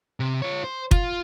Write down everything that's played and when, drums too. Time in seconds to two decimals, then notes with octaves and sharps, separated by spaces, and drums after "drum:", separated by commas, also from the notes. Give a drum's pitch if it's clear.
0.20 C3
0.42 F4 C#5
0.64 C5
0.91 F4, drum: kick